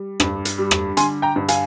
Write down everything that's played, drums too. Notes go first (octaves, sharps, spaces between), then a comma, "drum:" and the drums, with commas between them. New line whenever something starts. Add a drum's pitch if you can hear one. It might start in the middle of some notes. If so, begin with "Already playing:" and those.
Already playing: G3
G2, drum: rim click
drum: hi-hat
G3
drum: rim click
D3 G#5 C6, drum: hi-hat
G5 A#5
G2
F5 G#5, drum: hi-hat